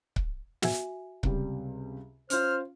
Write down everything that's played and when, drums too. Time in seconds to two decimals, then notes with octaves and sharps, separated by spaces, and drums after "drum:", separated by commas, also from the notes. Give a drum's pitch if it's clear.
0.16 drum: kick C#1
0.62 F#4 E5 G#5, drum: snare
1.23 C#2 C3 G3, drum: kick C#1
2.30 C#4 F4 C5 F6, drum: hi-hat